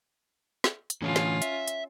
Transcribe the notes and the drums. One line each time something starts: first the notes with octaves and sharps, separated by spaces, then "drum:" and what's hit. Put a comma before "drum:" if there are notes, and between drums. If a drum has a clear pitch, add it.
drum: snare
drum: hi-hat
A2 D3 E3 C#4 F4
drum: snare
E5, drum: hi-hat
drum: hi-hat